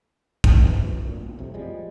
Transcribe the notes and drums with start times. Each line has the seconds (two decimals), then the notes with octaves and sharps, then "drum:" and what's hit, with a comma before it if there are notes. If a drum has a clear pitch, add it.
0.44 drum: kick
0.62 B1 F2 G#2 E3
0.80 F#2
1.03 D1 D2 A#2
1.22 B1
1.39 F2 A2 C3
1.54 F3 G3 G#3